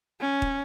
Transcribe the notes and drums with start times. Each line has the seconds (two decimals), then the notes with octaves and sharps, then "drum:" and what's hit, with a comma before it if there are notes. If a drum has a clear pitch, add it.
0.20 C#4
0.42 drum: kick